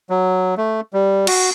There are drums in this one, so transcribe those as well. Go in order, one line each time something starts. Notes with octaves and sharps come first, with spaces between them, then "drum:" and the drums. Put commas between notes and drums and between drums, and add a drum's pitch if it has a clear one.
F#3
A3
G3
F#4, drum: cymbal